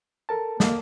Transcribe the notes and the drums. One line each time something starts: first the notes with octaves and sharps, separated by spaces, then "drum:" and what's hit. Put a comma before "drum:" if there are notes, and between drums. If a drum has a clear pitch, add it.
A4 A#4 A5
A#3, drum: snare